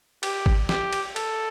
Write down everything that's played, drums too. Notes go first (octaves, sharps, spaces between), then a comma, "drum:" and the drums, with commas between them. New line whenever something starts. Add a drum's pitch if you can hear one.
G4, drum: cymbal
drum: kick
G4, drum: snare
drum: cymbal
A4, drum: cymbal